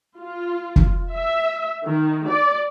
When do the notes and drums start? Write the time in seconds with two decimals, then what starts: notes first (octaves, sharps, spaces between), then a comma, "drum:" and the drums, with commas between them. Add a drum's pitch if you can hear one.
0.19 F4
0.76 drum: kick
1.13 E5
1.85 D#3
2.29 D5